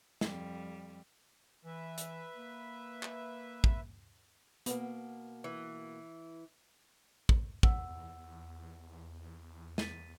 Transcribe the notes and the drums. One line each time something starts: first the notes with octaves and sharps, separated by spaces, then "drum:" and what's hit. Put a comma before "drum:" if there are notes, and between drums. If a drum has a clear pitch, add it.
F2 G3, drum: snare
E3 B4 E5
drum: hi-hat
A#3
drum: clap
drum: kick
B2 A#3 B3, drum: hi-hat
E3
drum: kick
E2 F#5 E6, drum: kick
A6 B6 D#7, drum: snare